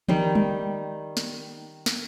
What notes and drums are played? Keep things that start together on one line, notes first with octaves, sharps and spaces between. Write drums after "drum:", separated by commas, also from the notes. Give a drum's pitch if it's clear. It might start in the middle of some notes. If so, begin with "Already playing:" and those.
D#3 G3 D#4 G5, drum: tom E3
drum: tom G3
drum: snare
drum: snare